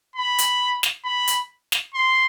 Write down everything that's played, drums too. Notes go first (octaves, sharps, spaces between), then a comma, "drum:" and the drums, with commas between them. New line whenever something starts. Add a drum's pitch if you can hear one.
B5
drum: hi-hat
drum: snare
B5
drum: hi-hat
drum: snare
C6